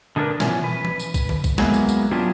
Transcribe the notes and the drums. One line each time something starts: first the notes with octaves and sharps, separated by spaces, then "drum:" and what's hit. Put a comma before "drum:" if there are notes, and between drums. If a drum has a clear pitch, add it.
D3 G#3 A#3 D4 A#4 B4
B2 E3 F3 C#4, drum: snare
B4
drum: tom E3
drum: tambourine
drum: kick B1, tambourine
drum: tom D3
drum: kick B1, tambourine
F#3 G#3 A#3 B3 E4, drum: snare
drum: tambourine
drum: tambourine
F#3 B3 C#4 D4 F4 G4